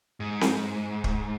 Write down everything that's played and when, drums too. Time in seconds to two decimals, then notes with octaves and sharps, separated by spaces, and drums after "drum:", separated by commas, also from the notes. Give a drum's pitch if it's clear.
0.20 G#2
0.41 drum: snare C4
1.04 drum: kick